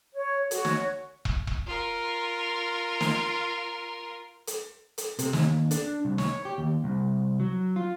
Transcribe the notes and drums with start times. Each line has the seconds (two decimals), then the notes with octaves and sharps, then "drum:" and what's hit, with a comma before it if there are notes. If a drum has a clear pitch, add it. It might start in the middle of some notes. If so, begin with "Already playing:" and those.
0.14 C#5
0.51 F#4 C#5, drum: hi-hat
0.65 drum: snare
1.25 drum: kick
1.47 drum: kick
1.66 F4 A#4
3.01 drum: snare
4.47 drum: hi-hat
4.98 drum: hi-hat
5.19 C3, drum: hi-hat
5.33 D#2, drum: snare
5.71 D4, drum: hi-hat
6.05 C2
6.18 C#5, drum: snare
6.45 G4
6.58 D#2
6.84 C2
7.40 F#3
7.76 F4